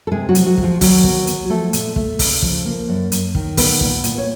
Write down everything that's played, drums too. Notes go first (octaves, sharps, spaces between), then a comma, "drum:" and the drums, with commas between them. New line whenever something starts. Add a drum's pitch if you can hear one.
A4
C3 G#3 G#4
F#3 F#4
F2, drum: hi-hat
F#3 F#4
G#3, drum: kick
F3 F4
D#2 F#3 F#4, drum: kick, open hi-hat
B3, drum: kick
B3, drum: hi-hat
F3 A3 A4
A#2, drum: hi-hat
A3, drum: kick
C#3, drum: kick, open hi-hat
F3, drum: kick
A#3
F#2
F#2, drum: hi-hat
D#3, drum: kick
A#2 B3 B4, drum: kick, open hi-hat
A#2, drum: kick
A#2, drum: hi-hat
C#5